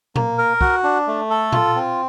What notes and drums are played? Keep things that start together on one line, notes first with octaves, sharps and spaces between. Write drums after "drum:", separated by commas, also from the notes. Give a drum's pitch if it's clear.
A#3, drum: tom A#2
A#4
F#4, drum: kick
D4
A3
A4
F4, drum: tom A#2
C4